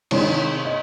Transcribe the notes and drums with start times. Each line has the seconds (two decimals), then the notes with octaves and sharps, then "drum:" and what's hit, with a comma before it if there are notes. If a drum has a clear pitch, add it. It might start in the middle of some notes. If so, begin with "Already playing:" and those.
0.11 C3 D#3 G#3 D#4 C#5, drum: cymbal
0.65 D#5